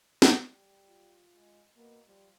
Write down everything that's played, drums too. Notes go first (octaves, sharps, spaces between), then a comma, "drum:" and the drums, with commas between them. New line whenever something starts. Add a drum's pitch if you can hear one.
drum: snare
G3
F4
G#3
B2 A#3
F3 G3